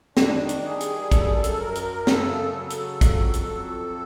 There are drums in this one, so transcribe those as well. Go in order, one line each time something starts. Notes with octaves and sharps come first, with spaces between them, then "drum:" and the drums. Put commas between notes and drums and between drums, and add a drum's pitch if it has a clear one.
D#3 D4, drum: snare
drum: hi-hat
G3 G#4
drum: hi-hat
F#2 A4, drum: kick, hi-hat
G#4
A4
drum: hi-hat
F#2 A#4
drum: hi-hat
C#3 A4, drum: snare
F#3
drum: hi-hat
F2, drum: kick, hi-hat
drum: hi-hat
F2